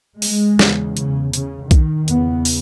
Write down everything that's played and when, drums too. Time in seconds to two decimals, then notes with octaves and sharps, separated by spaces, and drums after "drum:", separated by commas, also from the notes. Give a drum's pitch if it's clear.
0.22 G#3, drum: open hi-hat
0.59 E2 C#3, drum: snare
0.97 C#3, drum: hi-hat
1.33 C#3, drum: hi-hat
1.71 D#3, drum: kick B1, hi-hat
2.08 E2 C#3 B3, drum: hi-hat
2.45 drum: open hi-hat